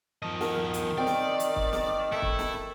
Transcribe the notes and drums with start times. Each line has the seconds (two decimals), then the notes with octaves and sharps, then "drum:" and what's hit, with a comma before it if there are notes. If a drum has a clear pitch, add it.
0.23 D#3 F3 D#5 A5
0.41 A#4 F#5 A5, drum: snare
0.74 drum: hi-hat
0.98 C4 D5 D#5
1.07 drum: snare
1.40 drum: hi-hat
1.56 drum: kick
1.73 drum: snare
2.12 A3 E4
2.22 drum: kick
2.39 drum: snare